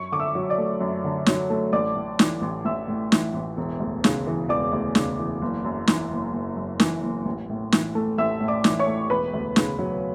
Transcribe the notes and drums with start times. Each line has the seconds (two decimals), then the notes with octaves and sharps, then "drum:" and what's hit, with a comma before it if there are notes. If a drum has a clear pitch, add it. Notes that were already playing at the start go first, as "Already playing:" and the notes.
Already playing: F#2 C#6
0.12 D3 D6
0.20 E5 E6
0.35 F#3
0.50 D5 D6
0.58 A3
0.81 F#2
1.04 D3
1.26 F#3, drum: snare
1.50 A3
1.72 A1 D5 D6
1.96 A2
2.19 E3, drum: snare
2.42 A1
2.65 A1 E5 E6
2.88 A2
3.12 E3, drum: snare
3.34 A1
3.57 E1
3.80 D2
4.04 C#3, drum: snare
4.27 E3
4.49 E1 D5 D6
4.73 D2
4.95 C#3, drum: snare
5.19 E3
5.42 F#1
5.65 F#2
5.87 E3, drum: snare
6.11 F#1
6.33 F#1
6.57 F#2
6.80 E3, drum: snare
7.03 F#1
7.25 A1
7.49 A2
7.72 E3, drum: snare
7.95 A3
8.18 A1 E5 E6
8.41 A2
8.48 D5 D6
8.64 E3, drum: snare
8.79 C#5 C#6
8.86 A3
9.10 E1 B4 B5
9.33 D2
9.56 C#3, drum: snare
9.79 F#3